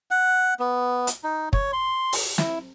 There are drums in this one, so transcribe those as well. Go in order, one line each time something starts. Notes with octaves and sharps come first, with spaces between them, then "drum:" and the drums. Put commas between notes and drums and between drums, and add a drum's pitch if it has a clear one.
F#5
B3
drum: hi-hat
D#4
C#5, drum: kick
C6
drum: open hi-hat
E4, drum: snare